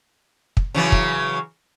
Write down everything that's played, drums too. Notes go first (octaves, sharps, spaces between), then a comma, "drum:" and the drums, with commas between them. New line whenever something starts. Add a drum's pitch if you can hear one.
drum: kick
C#3 E3 F#3
drum: kick